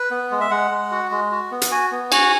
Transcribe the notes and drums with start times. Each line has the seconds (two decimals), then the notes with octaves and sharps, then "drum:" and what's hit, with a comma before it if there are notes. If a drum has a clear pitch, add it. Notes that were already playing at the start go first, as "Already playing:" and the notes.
Already playing: B4
0.11 B3
0.31 G#3
0.41 E5
0.51 G#3 F#5
0.71 G#3
0.91 F#4
1.11 G#3
1.32 F#4
1.51 B3
1.62 drum: hi-hat
1.71 F#4 G#5
1.91 B3
2.12 F#4 G#5, drum: cymbal